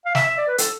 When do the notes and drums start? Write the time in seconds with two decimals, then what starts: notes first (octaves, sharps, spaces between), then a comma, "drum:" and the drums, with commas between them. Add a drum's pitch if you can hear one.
0.05 F5
0.15 E5, drum: snare
0.26 E5
0.38 D5
0.48 B4
0.58 A4, drum: hi-hat